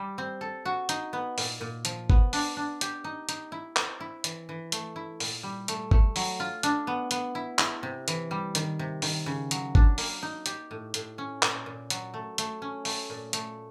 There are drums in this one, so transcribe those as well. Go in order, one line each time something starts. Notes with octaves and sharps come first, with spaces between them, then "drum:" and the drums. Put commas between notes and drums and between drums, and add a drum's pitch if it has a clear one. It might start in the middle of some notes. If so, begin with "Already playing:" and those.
Already playing: G3
C4
A4
F#4
D#4, drum: hi-hat
B3
A#2, drum: open hi-hat
A#2
F3, drum: hi-hat
B3, drum: kick
D4, drum: open hi-hat
D4
G4, drum: hi-hat
D#4
D#4, drum: hi-hat
E4
C4, drum: clap
E4
E3, drum: hi-hat
E3
A3, drum: hi-hat
E4
A#2, drum: open hi-hat
G3
A3, drum: hi-hat
A3, drum: kick
F#3, drum: open hi-hat
F4
D4, drum: hi-hat
B3
B3, drum: hi-hat
E4
E4, drum: clap
C3
E3, drum: hi-hat
G3
D#3, drum: hi-hat
C3
D#3, drum: open hi-hat
C#3
F#3, drum: hi-hat
D4, drum: kick
A#3, drum: open hi-hat
D#4
G4, drum: hi-hat
A2
A2, drum: hi-hat
C#4
A#2, drum: clap
A#2
F#3, drum: hi-hat
A3
A3, drum: hi-hat
C#4
A3, drum: open hi-hat
A#2
A3, drum: hi-hat